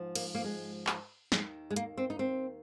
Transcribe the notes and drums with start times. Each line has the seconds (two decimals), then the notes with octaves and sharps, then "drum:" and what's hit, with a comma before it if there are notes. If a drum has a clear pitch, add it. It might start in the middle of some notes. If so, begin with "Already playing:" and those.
Already playing: G#2 F3
0.15 A#3, drum: cymbal
0.35 A#3
0.44 G#3
0.87 drum: clap
1.32 D#2 D#3 G#3, drum: snare
1.71 G#3
1.76 A#3, drum: hi-hat
1.98 C4
2.10 D#4
2.19 C4